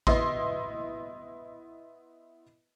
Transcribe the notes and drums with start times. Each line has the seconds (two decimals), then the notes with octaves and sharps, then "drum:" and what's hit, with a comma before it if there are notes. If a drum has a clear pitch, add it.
0.07 B3 E4 D#5 C6, drum: kick A1